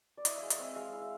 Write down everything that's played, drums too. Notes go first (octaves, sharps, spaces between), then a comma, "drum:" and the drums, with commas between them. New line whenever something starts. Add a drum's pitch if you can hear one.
D5
E4 D#5, drum: hi-hat
G#3 F5
D#5, drum: hi-hat
C4 E5
G#3 E5 F5
E4
F5